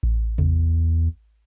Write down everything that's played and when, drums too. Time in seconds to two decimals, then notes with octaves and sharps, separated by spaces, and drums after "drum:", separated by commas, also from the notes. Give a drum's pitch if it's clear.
0.03 drum: kick A1
0.38 E2, drum: tom C3